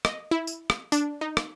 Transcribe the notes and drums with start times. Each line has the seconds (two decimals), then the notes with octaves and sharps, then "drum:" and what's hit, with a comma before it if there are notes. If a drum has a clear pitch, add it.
0.05 D#5, drum: rim click
0.31 E4
0.47 drum: tambourine
0.70 drum: rim click
0.92 D4, drum: tambourine
1.21 D#4
1.37 drum: rim click